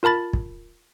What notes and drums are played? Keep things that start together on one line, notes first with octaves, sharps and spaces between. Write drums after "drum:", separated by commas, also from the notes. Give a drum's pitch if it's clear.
F4 A#4 A5 B5 A6
drum: kick